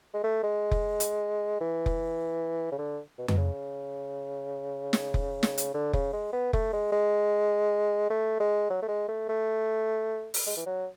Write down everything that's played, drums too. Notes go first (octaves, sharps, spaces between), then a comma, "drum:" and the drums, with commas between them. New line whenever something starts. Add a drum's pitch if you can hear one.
G#3
A3
G#3
drum: kick F1
drum: hi-hat
E3
drum: kick F1
C#3
D3
B2
B2, drum: tom F2
C#3
drum: snare
drum: kick F1
drum: snare
drum: hi-hat
D3
C#3, drum: kick F1
G#3
B3
A3, drum: kick F1
G#3
G#3
A3
G#3
F#3
A3
G#3
A3
A3
drum: open hi-hat
G#3
E3
F#3